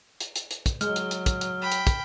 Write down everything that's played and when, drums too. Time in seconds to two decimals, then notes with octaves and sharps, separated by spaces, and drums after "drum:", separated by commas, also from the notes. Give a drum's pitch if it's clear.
0.20 drum: hi-hat
0.36 drum: hi-hat
0.51 drum: hi-hat
0.66 drum: kick, hi-hat
0.81 F#3 G#3 F6, drum: hi-hat
0.96 drum: hi-hat
1.11 drum: hi-hat
1.26 drum: kick, hi-hat
1.41 drum: hi-hat
1.61 G5 B5
1.72 drum: hi-hat
1.87 drum: kick, hi-hat